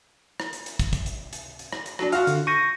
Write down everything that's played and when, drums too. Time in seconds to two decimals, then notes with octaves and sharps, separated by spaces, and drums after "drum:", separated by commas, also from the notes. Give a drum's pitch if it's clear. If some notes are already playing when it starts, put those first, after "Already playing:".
0.40 drum: rim click
0.53 drum: hi-hat
0.66 drum: hi-hat
0.79 drum: kick, hi-hat
0.93 drum: kick, hi-hat
1.06 drum: hi-hat
1.33 drum: hi-hat
1.59 drum: hi-hat
1.73 drum: rim click
1.86 drum: hi-hat
1.99 F#3 D4, drum: rim click
2.12 F4 F#4 F5 F6, drum: hi-hat
2.27 D3, drum: hi-hat
2.47 C#6 G6 A#6 D#7